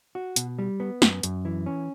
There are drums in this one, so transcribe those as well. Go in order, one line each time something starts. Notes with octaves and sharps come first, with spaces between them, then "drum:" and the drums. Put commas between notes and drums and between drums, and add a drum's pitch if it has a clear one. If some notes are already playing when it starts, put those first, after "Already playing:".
F#4
B2, drum: hi-hat
G3
B3
F#2, drum: snare
F#2, drum: hi-hat
E3
C#4